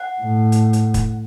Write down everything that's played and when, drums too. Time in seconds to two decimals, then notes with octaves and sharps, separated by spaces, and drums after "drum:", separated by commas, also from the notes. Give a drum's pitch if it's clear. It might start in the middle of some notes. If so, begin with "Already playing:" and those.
Already playing: F#5
0.21 A2
0.52 drum: hi-hat
0.73 drum: hi-hat
0.94 drum: kick, hi-hat